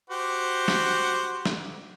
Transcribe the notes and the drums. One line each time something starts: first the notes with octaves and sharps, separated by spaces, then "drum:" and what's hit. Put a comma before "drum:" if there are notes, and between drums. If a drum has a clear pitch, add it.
F#4 G4 C5
drum: snare
drum: snare